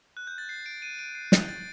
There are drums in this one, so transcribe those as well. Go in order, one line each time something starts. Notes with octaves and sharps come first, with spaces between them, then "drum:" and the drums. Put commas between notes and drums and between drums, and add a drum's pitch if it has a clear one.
F#6
G6
A6
C7
D7
D#7
D7
C7
drum: snare
A6